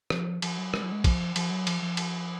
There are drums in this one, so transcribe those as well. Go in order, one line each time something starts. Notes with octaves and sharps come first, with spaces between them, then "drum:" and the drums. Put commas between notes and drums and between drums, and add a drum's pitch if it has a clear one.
F3, drum: rim click
F3, drum: cymbal
F#3
G#3, drum: rim click
F#3
G#3
F3, drum: kick, cymbal
F3, drum: cymbal
F#3
F3, drum: cymbal
F3
drum: cymbal